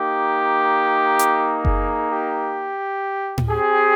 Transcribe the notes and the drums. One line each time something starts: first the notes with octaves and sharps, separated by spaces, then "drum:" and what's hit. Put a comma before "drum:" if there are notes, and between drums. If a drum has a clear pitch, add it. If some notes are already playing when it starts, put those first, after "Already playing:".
Already playing: A#3 D#4 G4
drum: hi-hat
G#4, drum: kick F#1
G4
drum: tom A2
C4 G4 G#4